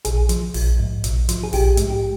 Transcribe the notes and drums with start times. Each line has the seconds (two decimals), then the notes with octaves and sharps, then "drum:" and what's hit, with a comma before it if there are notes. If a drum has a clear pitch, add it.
0.05 A#1 G#4, drum: hi-hat
0.29 F3, drum: hi-hat
0.54 A#1, drum: open hi-hat
0.79 G#2
1.04 A#1, drum: hi-hat
1.29 F3, drum: hi-hat
1.43 G#4
1.53 A#1 G4, drum: open hi-hat
1.77 G#2, drum: hi-hat
1.90 G4